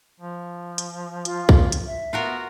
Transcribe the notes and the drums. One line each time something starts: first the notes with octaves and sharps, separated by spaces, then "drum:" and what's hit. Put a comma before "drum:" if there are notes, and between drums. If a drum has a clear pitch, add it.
F3
drum: hi-hat
F4, drum: hi-hat
drum: kick
drum: hi-hat
E5
B3 F4 F#4 A#4